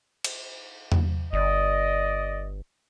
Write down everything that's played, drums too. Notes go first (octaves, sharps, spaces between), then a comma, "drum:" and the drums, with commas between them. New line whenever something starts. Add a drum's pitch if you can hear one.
drum: cymbal
drum: tom E2
G1 D5 D#5